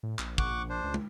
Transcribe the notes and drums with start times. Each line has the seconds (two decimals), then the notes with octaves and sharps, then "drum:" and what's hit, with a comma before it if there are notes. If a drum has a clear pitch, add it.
0.03 A2
0.19 A#1, drum: clap
0.38 F#5 C#6 D6, drum: kick
0.69 D4 C5
0.84 C#2
0.94 drum: tom